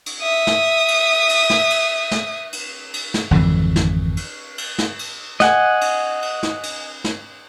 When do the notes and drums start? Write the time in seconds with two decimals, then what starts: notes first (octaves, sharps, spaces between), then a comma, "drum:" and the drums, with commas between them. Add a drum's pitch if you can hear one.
0.06 drum: cymbal
0.21 E5 D#6
0.47 drum: snare
0.88 drum: cymbal
1.29 drum: cymbal
1.50 drum: snare
1.70 drum: cymbal
2.11 drum: snare
2.53 drum: cymbal
2.94 drum: cymbal
3.14 drum: snare
3.31 G#1 F2 D3 E3
3.76 drum: snare
4.17 drum: cymbal
4.58 drum: cymbal
4.78 drum: snare
4.99 drum: cymbal
5.40 D#5 F#5 G#5, drum: snare
5.81 drum: cymbal
6.22 drum: cymbal
6.43 drum: snare
6.63 drum: cymbal
7.04 drum: snare